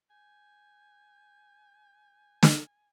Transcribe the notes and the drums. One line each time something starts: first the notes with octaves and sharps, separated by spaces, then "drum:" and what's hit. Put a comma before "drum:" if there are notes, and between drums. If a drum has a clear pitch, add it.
G#5 G6
drum: snare